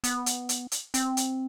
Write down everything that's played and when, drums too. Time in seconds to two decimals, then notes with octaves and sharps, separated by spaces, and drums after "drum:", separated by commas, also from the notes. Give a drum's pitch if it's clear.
0.04 B3, drum: hi-hat
0.26 drum: hi-hat
0.49 drum: hi-hat
0.72 drum: hi-hat
0.94 C4, drum: hi-hat
1.17 drum: hi-hat